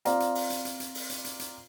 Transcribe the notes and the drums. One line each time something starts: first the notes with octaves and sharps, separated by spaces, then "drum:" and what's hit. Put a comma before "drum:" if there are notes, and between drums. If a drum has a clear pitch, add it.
C4 F4 D5 F5 A#5, drum: hi-hat
drum: hi-hat
drum: open hi-hat
drum: hi-hat
drum: hi-hat
drum: hi-hat
drum: open hi-hat
drum: hi-hat
drum: hi-hat
drum: hi-hat